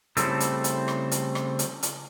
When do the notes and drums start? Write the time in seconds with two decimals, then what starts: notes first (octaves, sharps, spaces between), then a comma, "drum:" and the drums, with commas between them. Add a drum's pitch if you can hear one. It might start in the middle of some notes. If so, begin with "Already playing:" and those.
0.17 C#3 G3 A3 C4 E4 A4, drum: hi-hat
0.40 drum: hi-hat
0.64 drum: hi-hat
0.88 drum: rim click
1.11 drum: hi-hat
1.35 drum: rim click
1.59 drum: hi-hat
1.83 drum: hi-hat